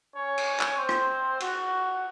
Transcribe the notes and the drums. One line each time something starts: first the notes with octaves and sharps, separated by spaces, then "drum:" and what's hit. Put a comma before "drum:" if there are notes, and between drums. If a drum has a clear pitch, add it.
C#4 C#5
drum: cymbal
drum: clap
C4 C5
drum: rim click
F#4, drum: cymbal